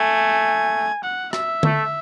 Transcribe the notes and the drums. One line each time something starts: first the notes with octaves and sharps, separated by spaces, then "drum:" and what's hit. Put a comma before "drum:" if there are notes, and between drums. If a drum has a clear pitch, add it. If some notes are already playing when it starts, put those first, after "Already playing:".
Already playing: A3 G#5
F#5
E5, drum: rim click
A3, drum: tom D3